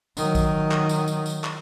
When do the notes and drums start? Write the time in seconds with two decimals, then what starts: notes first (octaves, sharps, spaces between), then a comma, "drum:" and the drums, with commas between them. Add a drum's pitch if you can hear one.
0.17 D#3 F#3, drum: tambourine
0.35 drum: kick, tambourine
0.71 drum: clap
0.89 drum: tambourine
1.08 drum: tambourine
1.26 drum: tambourine
1.44 drum: clap